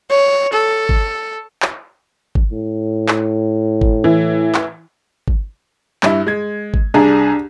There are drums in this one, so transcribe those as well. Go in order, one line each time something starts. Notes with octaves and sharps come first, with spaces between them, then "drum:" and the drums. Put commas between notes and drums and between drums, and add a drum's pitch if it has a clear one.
C#5
A4
drum: kick G1
drum: clap
drum: kick G1
A2
drum: clap
drum: kick G1
E3
drum: clap
drum: kick G1
G2 E4, drum: clap
G#3 G#6
drum: kick G1
C2 D4 G#4 A#5